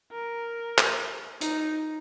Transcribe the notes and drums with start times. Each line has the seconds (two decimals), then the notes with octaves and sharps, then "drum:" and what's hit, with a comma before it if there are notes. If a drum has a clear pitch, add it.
0.12 A#4
0.78 drum: clap
1.41 D#4, drum: hi-hat